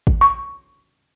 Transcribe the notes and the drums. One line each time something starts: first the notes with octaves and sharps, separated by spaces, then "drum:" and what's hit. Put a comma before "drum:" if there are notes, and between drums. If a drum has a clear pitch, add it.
drum: kick
C#6